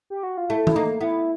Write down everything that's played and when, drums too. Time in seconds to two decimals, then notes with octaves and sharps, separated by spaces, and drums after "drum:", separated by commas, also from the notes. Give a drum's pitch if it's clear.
0.10 G4
0.23 F#4
0.37 F4
0.49 A3 E4
0.67 E4, drum: tom
0.76 A#3 D#4
1.01 B3 E4